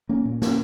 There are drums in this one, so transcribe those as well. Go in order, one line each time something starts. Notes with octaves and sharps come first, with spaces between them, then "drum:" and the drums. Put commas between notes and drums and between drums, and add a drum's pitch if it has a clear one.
A#3 C#4
A#2
A#3 C#4, drum: snare